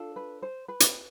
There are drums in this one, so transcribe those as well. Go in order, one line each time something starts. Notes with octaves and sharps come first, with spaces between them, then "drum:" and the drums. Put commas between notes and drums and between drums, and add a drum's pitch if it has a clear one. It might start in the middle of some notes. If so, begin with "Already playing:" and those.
Already playing: D4 F4 A4
B4
C5
B4
drum: hi-hat